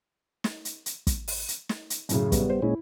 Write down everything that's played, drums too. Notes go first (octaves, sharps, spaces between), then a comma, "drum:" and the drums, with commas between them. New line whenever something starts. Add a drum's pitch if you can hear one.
drum: snare
drum: hi-hat
drum: hi-hat
drum: kick, hi-hat
drum: open hi-hat
drum: hi-hat
drum: snare
drum: hi-hat
F#2 A2 C#3, drum: hi-hat
G3 B3, drum: kick, hi-hat
C5
A#2 G#3 C#4 E4